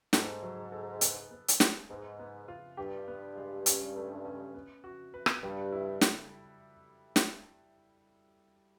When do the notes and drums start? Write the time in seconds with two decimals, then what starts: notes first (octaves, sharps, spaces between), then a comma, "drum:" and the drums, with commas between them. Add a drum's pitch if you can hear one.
0.13 G#2 A4, drum: snare
0.43 F#3
0.72 A4
1.01 B3, drum: hi-hat
1.31 B3
1.48 drum: hi-hat
1.60 G#4, drum: snare
1.90 G#2 B3
2.19 B3
2.48 F4
2.77 G2 G4
3.08 B3
3.37 G#3
3.66 C#4, drum: hi-hat
3.96 A3
4.25 C#4
4.54 B3
4.84 F#4
5.14 B4
5.26 drum: rim click
5.43 G2 G3
5.72 E4
6.01 A4, drum: snare
7.16 drum: snare